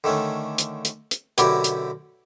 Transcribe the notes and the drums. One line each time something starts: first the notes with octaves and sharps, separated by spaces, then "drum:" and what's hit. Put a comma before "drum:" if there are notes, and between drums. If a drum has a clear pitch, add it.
D3 D#3 A3 C#4
drum: hi-hat
drum: hi-hat
drum: hi-hat
F#2 B2 D3 E4 G4 D5, drum: hi-hat
drum: hi-hat